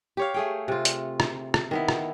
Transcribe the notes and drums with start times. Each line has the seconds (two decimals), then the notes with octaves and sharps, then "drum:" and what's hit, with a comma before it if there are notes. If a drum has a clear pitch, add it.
0.17 G4 C#5 F5
0.34 A3 G#4 G5
0.68 C3 F4
0.85 drum: hi-hat
1.20 drum: rim click
1.54 drum: rim click
1.71 D#3 B3 E4
1.88 drum: rim click